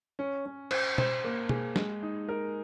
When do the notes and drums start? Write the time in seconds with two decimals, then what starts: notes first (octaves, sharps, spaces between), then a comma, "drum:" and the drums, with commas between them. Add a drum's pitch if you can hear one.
0.19 C#4
0.46 C#4
0.71 C5, drum: cymbal
0.98 C5, drum: tom
1.24 A#3
1.49 G#4, drum: tom
1.76 G#3, drum: snare
2.02 D#4
2.29 A#4